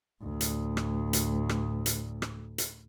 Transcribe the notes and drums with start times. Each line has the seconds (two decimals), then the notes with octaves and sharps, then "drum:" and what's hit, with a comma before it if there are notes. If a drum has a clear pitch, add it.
0.22 D2 A2
0.41 drum: hi-hat
0.77 drum: rim click
1.13 drum: hi-hat
1.49 drum: rim click
1.86 drum: hi-hat
2.22 drum: rim click
2.58 drum: hi-hat